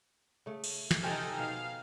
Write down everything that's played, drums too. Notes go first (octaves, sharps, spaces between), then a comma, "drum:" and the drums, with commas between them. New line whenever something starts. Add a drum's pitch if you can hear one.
C#3 A3
drum: cymbal
drum: snare
C3 C4 D#4 A4 G5 G#5 F6
B2 F5